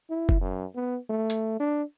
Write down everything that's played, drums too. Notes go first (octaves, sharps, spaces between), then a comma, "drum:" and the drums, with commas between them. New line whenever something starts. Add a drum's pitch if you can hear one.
E4
drum: kick
F#2
B3
A3
drum: hi-hat
D4